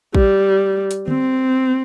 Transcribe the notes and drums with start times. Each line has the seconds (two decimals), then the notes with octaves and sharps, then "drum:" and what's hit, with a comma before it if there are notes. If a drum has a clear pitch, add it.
0.14 G3, drum: kick
0.91 drum: hi-hat
1.08 C4, drum: tom